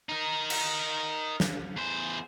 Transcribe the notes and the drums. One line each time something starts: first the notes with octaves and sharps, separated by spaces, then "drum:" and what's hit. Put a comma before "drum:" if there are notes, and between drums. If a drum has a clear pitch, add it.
D#4 A#4
drum: cymbal
drum: snare
E2 C5